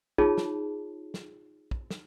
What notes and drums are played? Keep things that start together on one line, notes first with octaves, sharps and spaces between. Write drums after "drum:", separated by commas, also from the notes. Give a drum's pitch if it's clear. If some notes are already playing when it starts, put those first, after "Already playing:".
D#4 F4 G#4 C#5 A5, drum: kick
drum: snare
drum: snare
drum: kick
drum: snare